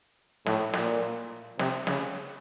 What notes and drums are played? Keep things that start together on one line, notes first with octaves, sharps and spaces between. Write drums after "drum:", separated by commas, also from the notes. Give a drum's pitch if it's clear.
A2, drum: snare
A#2, drum: snare
C3, drum: snare
C#3, drum: snare